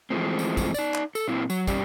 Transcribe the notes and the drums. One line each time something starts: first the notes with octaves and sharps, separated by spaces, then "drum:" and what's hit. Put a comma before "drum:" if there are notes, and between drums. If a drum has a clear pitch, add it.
E3 F3 G#3 A3 C4
drum: tambourine
drum: kick, tambourine
D#4 D5, drum: tambourine
drum: clap
A4, drum: tambourine
A#2 C4 E4
F#3, drum: tambourine
B2 G3 C#4 G4 D5, drum: kick, tambourine